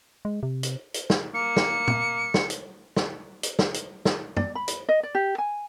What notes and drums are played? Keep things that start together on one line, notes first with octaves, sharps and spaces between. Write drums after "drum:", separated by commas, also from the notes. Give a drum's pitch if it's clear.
G#3
C3
drum: hi-hat
drum: hi-hat
drum: snare
A#3 C#7
drum: snare
drum: tom
drum: snare
drum: hi-hat
drum: snare
drum: hi-hat
drum: snare
drum: hi-hat
drum: snare
D5, drum: tom
B5
drum: hi-hat
D#5
D5
G4
G#5